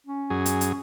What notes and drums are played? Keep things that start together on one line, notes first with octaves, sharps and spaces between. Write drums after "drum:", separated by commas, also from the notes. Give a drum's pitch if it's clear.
C#4
F#2 G#4
drum: hi-hat
drum: hi-hat